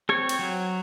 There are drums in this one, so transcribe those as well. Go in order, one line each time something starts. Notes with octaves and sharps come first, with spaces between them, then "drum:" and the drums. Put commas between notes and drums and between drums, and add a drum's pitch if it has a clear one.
C4 C#5, drum: rim click
drum: cymbal
F#3